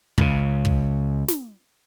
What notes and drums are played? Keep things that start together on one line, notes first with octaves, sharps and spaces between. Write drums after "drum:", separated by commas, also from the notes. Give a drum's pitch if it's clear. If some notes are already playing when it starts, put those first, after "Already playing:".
C#2 C#3, drum: kick
drum: kick
drum: snare